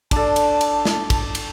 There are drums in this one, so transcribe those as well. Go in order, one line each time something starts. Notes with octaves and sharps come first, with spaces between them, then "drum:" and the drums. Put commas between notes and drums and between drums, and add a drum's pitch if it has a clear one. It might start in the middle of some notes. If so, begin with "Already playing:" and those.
D4 A4 A5, drum: kick, cymbal
drum: cymbal
drum: cymbal
drum: snare
drum: kick, cymbal
drum: cymbal